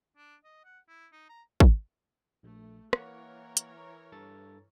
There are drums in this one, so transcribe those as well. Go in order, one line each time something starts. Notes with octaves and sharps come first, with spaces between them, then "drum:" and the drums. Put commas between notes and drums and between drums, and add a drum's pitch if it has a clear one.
D4
D#5
F#5
E4
D#4
A#5
drum: kick
A#1 A3
E3 A#3 A#4 C#5 F#5, drum: rim click
drum: hi-hat
G2 A4 A6